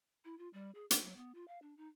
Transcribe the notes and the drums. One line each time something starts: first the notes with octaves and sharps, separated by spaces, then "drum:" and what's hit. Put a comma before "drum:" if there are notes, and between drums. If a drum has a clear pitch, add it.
E4
F4
G3
G#4
A4, drum: hi-hat
F#3
B3
F4
F5
D4
D#4